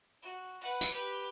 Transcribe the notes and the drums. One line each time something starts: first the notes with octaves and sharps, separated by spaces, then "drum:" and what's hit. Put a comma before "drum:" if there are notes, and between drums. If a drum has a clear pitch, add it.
F#4
B4 F#5
drum: tambourine
G4 B4